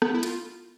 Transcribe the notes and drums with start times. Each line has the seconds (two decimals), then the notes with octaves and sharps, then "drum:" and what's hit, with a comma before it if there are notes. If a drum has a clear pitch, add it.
0.02 B3, drum: rim click
0.14 E4
0.23 F4, drum: hi-hat